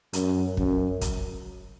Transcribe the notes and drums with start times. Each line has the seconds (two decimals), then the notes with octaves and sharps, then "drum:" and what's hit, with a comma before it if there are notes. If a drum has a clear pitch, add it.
0.13 F#2, drum: hi-hat
0.57 F#2, drum: kick
1.01 drum: kick, hi-hat